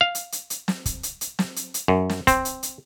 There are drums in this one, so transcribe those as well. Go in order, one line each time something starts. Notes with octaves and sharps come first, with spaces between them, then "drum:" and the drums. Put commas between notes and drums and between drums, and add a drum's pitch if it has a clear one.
F5
drum: hi-hat
drum: hi-hat
drum: hi-hat
drum: snare
drum: kick, hi-hat
drum: hi-hat
drum: hi-hat
drum: snare
drum: hi-hat
drum: hi-hat
F#2
drum: snare
C4, drum: kick, hi-hat
drum: hi-hat
drum: hi-hat